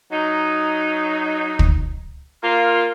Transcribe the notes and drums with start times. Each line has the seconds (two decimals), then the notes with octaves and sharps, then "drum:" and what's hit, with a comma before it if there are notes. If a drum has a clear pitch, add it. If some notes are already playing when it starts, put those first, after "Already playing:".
0.11 F#3 D#4
1.59 drum: kick
2.41 A#3 F4